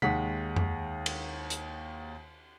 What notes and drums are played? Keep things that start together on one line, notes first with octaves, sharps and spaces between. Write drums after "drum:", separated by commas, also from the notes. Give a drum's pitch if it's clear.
D#2 G#3 F#5 B6, drum: tom C3
drum: tom F2
drum: cymbal
drum: hi-hat